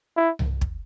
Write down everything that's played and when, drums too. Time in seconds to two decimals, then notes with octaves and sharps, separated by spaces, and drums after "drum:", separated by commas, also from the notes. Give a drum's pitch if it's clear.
0.17 E4
0.39 drum: tom C2
0.61 drum: kick